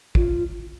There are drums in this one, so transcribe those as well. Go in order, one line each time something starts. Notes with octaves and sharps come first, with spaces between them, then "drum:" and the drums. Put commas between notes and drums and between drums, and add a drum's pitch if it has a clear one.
F4, drum: kick